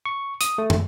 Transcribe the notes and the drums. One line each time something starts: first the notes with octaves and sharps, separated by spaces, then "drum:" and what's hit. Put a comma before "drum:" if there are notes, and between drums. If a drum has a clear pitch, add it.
C#6
D#6, drum: hi-hat
A3
drum: tom